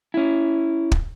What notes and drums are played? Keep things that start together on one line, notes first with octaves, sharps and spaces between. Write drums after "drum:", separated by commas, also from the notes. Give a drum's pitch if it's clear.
C#4 E4
drum: kick